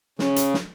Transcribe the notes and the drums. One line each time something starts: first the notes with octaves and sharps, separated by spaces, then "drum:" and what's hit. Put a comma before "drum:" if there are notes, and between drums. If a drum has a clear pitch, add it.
C#3, drum: snare
drum: hi-hat
drum: snare